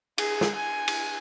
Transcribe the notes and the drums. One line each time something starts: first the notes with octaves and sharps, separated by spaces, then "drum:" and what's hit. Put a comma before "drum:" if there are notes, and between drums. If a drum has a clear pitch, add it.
G#4, drum: cymbal
drum: snare
G#5
drum: cymbal